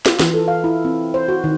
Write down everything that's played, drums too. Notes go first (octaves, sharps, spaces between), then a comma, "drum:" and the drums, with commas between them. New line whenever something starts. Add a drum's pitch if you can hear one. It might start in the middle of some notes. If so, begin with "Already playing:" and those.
F4, drum: snare
E3, drum: snare
A4
F5
E4
C4
C5
F#4
D#3